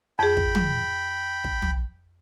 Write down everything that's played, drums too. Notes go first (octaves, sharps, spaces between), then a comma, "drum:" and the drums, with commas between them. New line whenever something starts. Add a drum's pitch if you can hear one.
F2 G#4 G5 B5
drum: kick
drum: tom
drum: kick
drum: tom